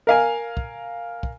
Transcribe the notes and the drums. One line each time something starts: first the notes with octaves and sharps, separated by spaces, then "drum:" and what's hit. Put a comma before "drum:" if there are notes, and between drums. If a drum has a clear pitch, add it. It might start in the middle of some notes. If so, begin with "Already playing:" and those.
A#4 F5 G#5
drum: kick
drum: kick